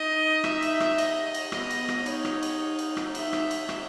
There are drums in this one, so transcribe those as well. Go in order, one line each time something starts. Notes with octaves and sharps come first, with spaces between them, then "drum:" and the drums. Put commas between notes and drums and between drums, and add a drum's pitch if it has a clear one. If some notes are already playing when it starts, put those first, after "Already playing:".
Already playing: D#4 D#5
E5, drum: rim click
drum: cymbal
drum: rim click
D#5, drum: cymbal
drum: cymbal
B3 D#5, drum: rim click
drum: cymbal
drum: rim click
D#4 C#5, drum: cymbal
drum: rim click
drum: cymbal
drum: cymbal
drum: rim click
D#4 E5, drum: cymbal
drum: rim click
drum: cymbal
drum: rim click